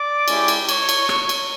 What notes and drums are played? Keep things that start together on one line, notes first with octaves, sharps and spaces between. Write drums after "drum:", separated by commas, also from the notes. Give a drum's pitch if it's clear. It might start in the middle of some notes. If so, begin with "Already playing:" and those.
Already playing: D5 D6
G#3 C#4 E4 G4, drum: cymbal
drum: cymbal
C#5 C#6, drum: cymbal
drum: cymbal
drum: rim click
drum: cymbal